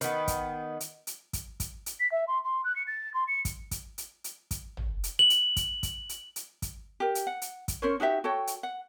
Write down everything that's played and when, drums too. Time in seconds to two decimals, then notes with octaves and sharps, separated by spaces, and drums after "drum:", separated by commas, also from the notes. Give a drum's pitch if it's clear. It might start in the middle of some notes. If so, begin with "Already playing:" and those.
0.01 D#3 B3, drum: hi-hat
0.28 drum: kick, hi-hat
0.80 drum: hi-hat
1.07 drum: hi-hat
1.33 drum: kick, hi-hat
1.60 drum: kick, hi-hat
1.86 drum: hi-hat
2.00 B6
2.12 E5
2.28 C6
2.44 C6
2.64 F#6
2.76 C#7
2.87 A6
3.14 C6
3.27 C#7
3.45 drum: kick, hi-hat
3.71 drum: kick, hi-hat
3.98 drum: hi-hat
4.24 drum: hi-hat
4.51 drum: kick, hi-hat
4.77 drum: tom
5.04 drum: hi-hat
5.19 F#7
5.30 drum: hi-hat
5.56 drum: kick, hi-hat
5.83 drum: kick, hi-hat
6.09 drum: hi-hat
6.36 drum: hi-hat
6.62 drum: kick, hi-hat
7.00 G4 A#4
7.15 drum: hi-hat
7.27 F#5
7.42 drum: hi-hat
7.68 drum: kick, hi-hat
7.82 C#4 A#4 C5 C#5
8.00 D#4 F#4 G4 E5
8.24 F#4 A4 C#5 G5
8.47 drum: hi-hat
8.63 F#5